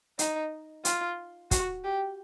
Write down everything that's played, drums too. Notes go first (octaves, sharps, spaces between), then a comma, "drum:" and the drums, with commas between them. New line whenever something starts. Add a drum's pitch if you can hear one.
D#4, drum: hi-hat
F4, drum: hi-hat
F#4, drum: kick, hi-hat
G4